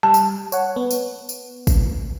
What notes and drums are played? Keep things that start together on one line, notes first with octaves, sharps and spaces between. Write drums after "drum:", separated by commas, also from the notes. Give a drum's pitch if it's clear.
G3 A5
drum: tambourine
C#5 F#5, drum: tambourine
B3
drum: tambourine
drum: tambourine
drum: kick G#1, tambourine